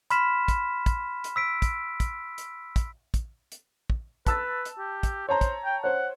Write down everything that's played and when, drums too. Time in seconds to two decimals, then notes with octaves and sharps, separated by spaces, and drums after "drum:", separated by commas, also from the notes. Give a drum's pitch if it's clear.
0.10 B5 C6 F6 B6 E7, drum: hi-hat
0.48 drum: kick, hi-hat
0.86 drum: kick, hi-hat
1.24 drum: hi-hat
1.36 E6 B6 D7
1.62 drum: kick, hi-hat
2.00 drum: kick, hi-hat
2.38 drum: hi-hat
2.76 drum: kick, hi-hat
3.14 drum: kick, hi-hat
3.52 drum: hi-hat
3.90 drum: kick
4.27 B4 A5 E6 A6, drum: kick, hi-hat
4.65 drum: hi-hat
4.79 G4
5.03 drum: kick, hi-hat
5.29 C5 C#5 A5 A#5
5.41 drum: kick, hi-hat
5.65 G5
5.84 C5 C#5 F#5